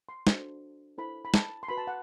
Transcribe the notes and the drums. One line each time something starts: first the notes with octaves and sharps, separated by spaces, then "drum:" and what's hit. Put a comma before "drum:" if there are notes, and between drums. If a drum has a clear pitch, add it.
C6
D4 F#4 A4 C5, drum: snare
E4 A4 C5 B5
B5
A5, drum: snare
C6
F#4 B4 B5
A5
F#5